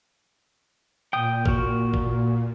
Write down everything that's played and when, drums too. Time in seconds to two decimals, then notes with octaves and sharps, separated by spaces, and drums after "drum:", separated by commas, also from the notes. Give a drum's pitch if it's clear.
1.13 A#2 G5 D#6
1.46 F#4 A#4, drum: kick
1.93 drum: kick